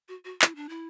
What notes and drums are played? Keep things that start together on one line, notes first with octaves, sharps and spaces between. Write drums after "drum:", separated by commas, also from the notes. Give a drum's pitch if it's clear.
F#4
F#4
E4, drum: clap
D4
E4